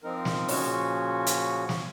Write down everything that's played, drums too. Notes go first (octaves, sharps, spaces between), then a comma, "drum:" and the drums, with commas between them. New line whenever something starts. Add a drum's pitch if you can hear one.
F3 C4 D#4 A#4
drum: snare
A#2 C#3 F3 C#4 F#4, drum: open hi-hat
drum: hi-hat
drum: snare